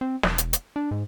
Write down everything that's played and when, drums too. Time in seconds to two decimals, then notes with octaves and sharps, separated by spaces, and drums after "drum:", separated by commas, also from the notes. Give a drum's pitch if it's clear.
0.01 C4
0.23 E1, drum: snare
0.38 drum: hi-hat
0.53 drum: hi-hat
0.76 D4
0.91 G#2